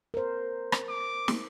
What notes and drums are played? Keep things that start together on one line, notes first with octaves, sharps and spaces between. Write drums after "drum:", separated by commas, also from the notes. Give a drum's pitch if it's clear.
A#4 C5
drum: rim click
D6
drum: snare